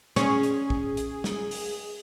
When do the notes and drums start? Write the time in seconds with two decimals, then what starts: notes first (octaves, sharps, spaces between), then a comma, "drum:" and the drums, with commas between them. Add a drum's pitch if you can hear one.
0.16 C#4 G#4, drum: snare
0.43 drum: hi-hat
0.70 drum: kick
0.97 drum: hi-hat
1.24 drum: snare
1.51 drum: open hi-hat